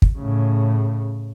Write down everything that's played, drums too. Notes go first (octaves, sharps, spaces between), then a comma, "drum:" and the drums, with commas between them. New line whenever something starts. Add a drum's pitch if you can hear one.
drum: kick
A2 C#3